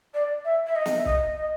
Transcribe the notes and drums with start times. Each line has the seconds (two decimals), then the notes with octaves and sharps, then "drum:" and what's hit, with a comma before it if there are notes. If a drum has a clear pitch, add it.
0.14 D5
0.45 E5
0.67 E5
0.75 D#5
0.86 drum: snare
0.96 E5
1.05 D#5, drum: kick
1.36 D#5